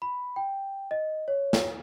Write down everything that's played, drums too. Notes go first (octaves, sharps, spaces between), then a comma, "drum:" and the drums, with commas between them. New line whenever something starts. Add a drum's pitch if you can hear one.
B5
G5
D#5
C#5
drum: snare